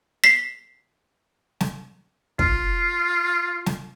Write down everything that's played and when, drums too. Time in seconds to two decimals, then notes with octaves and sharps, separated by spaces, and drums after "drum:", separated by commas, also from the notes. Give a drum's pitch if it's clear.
0.24 B6 C7
1.60 drum: snare
2.39 F4, drum: kick
3.66 drum: snare